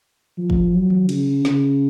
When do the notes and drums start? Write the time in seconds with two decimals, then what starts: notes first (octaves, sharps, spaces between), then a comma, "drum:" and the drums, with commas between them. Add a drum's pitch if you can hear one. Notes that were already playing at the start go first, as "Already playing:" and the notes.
0.38 F3
0.50 drum: kick
0.74 F#3
0.90 drum: tom D#3
1.09 C#3, drum: cymbal
1.45 C#3, drum: snare